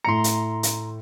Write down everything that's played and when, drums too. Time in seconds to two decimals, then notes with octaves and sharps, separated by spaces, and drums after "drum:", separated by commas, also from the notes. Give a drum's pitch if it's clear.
0.05 A2 A#5 C6 C#7
0.24 drum: hi-hat
0.63 drum: hi-hat